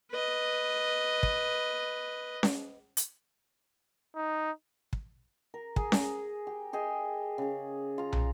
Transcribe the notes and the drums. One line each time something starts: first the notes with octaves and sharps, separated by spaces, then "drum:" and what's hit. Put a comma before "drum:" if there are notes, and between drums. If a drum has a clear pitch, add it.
B4 D#5
drum: kick
drum: snare C#4
drum: hi-hat
D#4
drum: kick
A#4
G#4, drum: kick
drum: snare C#4
G4
G4 G#4 D#5 G5
C#3 G#4
F4 A#5
drum: tom